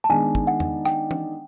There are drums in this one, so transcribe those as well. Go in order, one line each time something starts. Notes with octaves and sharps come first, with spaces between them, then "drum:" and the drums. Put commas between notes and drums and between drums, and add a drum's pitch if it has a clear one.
A5
D#3 G#3 B3 D4 G#5
drum: kick
F#5
drum: tom E2
G5, drum: rim click
drum: tom